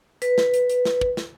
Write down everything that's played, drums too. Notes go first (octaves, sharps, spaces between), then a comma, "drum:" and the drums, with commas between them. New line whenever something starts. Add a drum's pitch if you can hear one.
B4, drum: hi-hat
drum: snare
drum: hi-hat
drum: hi-hat
drum: snare
drum: kick
drum: snare